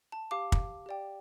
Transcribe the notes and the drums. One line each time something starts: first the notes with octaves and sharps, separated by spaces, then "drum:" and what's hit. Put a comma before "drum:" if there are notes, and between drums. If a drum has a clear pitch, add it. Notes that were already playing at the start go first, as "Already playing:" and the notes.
A5
G4 F5 D6
drum: kick
G4 D5 G5